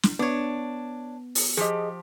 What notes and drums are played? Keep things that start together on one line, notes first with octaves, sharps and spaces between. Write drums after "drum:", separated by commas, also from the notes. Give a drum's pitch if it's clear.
drum: snare
B3 D4 C#5
drum: open hi-hat
F3 G4 G#4 D#5